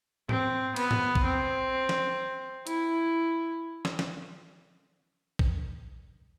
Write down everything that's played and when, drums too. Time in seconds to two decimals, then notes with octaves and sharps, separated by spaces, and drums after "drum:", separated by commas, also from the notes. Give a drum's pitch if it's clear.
0.29 C4, drum: tom G#2
0.76 B3, drum: cymbal
0.91 drum: tom G#2
1.15 drum: kick
1.25 C4
1.89 drum: snare
2.67 E4, drum: hi-hat
3.85 drum: snare
3.99 drum: snare
5.39 drum: kick